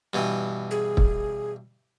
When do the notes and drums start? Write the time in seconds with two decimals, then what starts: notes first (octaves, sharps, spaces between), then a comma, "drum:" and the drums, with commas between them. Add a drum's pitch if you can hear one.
0.13 G2 B2 E3
0.71 G#4
0.97 drum: kick